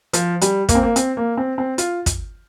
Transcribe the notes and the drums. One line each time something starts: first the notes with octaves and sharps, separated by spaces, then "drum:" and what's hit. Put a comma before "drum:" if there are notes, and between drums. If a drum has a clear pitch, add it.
F3, drum: hi-hat
G3, drum: hi-hat
A#3, drum: kick, hi-hat
C4
A#3
C4, drum: hi-hat
A#3
C4
C4
F4, drum: hi-hat
drum: kick, hi-hat